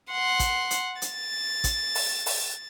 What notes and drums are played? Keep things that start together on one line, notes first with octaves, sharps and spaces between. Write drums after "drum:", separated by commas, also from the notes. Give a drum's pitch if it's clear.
F#5 C6
drum: kick A1, hi-hat
drum: hi-hat
A6, drum: hi-hat
drum: kick A1, hi-hat
drum: open hi-hat
drum: open hi-hat